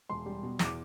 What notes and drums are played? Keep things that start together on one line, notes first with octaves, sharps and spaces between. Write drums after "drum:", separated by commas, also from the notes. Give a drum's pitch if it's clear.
E1 C6
G3
B2
E2, drum: snare
D6